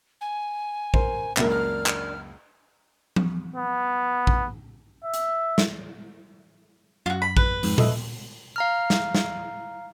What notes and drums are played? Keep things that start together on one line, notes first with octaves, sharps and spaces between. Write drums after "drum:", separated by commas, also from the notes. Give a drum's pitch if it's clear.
G#5
A#4 C5, drum: kick A#1
C#2 F#2 A#3 D4 A#4 E5, drum: clap
F6
drum: clap
drum: tom F3
B3
drum: kick A#1
E5
drum: hi-hat
drum: snare
F#2 F4 F#4
B5
B4, drum: kick A#1
F2 G#2, drum: open hi-hat
A4 D#5 E5, drum: tom A#2
F5 A#5 F6
drum: snare
drum: snare